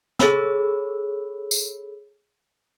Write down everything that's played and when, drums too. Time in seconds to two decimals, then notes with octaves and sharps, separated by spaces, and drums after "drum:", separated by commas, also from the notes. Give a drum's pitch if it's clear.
0.19 G#4 A4 C#5 B5 E6, drum: snare
1.51 drum: tambourine